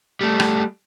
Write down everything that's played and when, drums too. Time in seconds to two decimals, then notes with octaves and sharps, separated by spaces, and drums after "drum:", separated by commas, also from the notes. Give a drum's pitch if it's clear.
0.21 G3 A3
0.40 drum: rim click